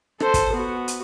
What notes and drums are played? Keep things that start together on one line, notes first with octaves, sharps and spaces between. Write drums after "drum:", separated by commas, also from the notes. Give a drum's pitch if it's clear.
A4 C5, drum: rim click
drum: kick, hi-hat
B3 F#4
drum: hi-hat